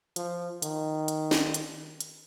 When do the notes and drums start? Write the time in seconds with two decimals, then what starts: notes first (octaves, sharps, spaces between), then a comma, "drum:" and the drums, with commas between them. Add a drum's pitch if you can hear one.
0.16 F3, drum: hi-hat
0.62 D#3, drum: hi-hat
1.08 drum: hi-hat
1.31 drum: snare
1.54 drum: hi-hat
2.00 drum: hi-hat